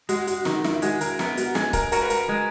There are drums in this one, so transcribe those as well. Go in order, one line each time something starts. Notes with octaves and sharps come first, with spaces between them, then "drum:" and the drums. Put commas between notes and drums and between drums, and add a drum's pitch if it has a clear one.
G#3 F#4, drum: hi-hat
F#4, drum: hi-hat
D#3 F#4, drum: snare
E4, drum: snare
E4
G#3 F#4, drum: hi-hat
A#4, drum: hi-hat
B3 A#4, drum: snare
F#4, drum: hi-hat
G#3 G#4, drum: snare
A#4, drum: kick C#1, hi-hat
F#4 A#4, drum: hi-hat
B4
A#4, drum: hi-hat
G#3